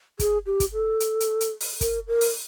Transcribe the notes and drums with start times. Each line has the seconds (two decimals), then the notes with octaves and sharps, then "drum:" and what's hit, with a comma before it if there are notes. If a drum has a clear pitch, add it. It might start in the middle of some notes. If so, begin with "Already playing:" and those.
0.19 G#4, drum: kick, hi-hat
0.46 G4
0.60 drum: kick, hi-hat
0.73 A4
1.00 drum: hi-hat
1.20 drum: hi-hat
1.41 drum: hi-hat
1.61 drum: open hi-hat
1.81 A#4, drum: kick, hi-hat
2.07 A#4
2.21 drum: open hi-hat